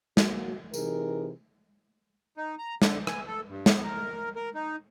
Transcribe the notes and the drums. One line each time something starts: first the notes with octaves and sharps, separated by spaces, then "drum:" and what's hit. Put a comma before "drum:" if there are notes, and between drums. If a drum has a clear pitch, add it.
F#3 A#3 F#4, drum: snare
C3 E3 D#4 G#4 A#4, drum: tambourine
D#4
A#5
D3, drum: snare
G#5, drum: rim click
A4
G2
B3, drum: snare
A#4
A#4
D#4